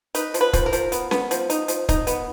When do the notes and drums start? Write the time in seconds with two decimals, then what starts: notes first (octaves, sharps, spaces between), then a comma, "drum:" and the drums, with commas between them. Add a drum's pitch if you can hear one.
0.15 D#4 B4, drum: hi-hat
0.34 F3, drum: hi-hat
0.41 B4
0.53 F3, drum: kick, hi-hat
0.66 A#4
0.73 F3, drum: hi-hat
0.92 B3, drum: hi-hat
1.11 B3, drum: snare C#4
1.31 F3, drum: hi-hat
1.50 D#4, drum: hi-hat
1.68 F3, drum: hi-hat
1.89 D#4, drum: kick, hi-hat
2.07 B3, drum: hi-hat